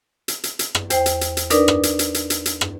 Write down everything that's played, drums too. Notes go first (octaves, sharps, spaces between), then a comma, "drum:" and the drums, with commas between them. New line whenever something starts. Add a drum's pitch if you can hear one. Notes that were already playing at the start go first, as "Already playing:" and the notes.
drum: hi-hat
drum: hi-hat
drum: hi-hat
drum: rim click
E2 C5 G5, drum: hi-hat
drum: hi-hat
drum: hi-hat
drum: hi-hat
D4 D#4 A#4 B4 D5, drum: hi-hat
drum: rim click
drum: hi-hat
drum: hi-hat
drum: hi-hat
drum: hi-hat
drum: hi-hat
drum: rim click